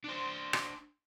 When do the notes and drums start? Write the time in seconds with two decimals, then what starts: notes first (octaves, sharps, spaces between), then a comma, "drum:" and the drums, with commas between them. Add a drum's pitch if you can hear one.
0.04 D4 C5
0.53 drum: rim click